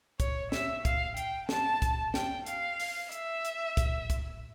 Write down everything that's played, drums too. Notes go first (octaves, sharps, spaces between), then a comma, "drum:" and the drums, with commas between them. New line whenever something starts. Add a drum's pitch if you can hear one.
C#5, drum: kick, hi-hat
E5, drum: snare
F5, drum: kick, hi-hat
G5, drum: hi-hat
A5, drum: snare
drum: kick, hi-hat
G5, drum: snare
F5, drum: hi-hat
drum: open hi-hat
E5, drum: hi-hat
drum: hi-hat
drum: kick, hi-hat
drum: kick, hi-hat